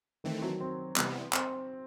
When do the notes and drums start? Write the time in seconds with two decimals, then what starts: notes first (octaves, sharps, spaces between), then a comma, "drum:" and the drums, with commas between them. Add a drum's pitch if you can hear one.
0.24 D#3 E3 A3 C4
0.42 F#3
0.60 C4
0.96 C3 E3 G3 B3, drum: clap
1.33 C4, drum: clap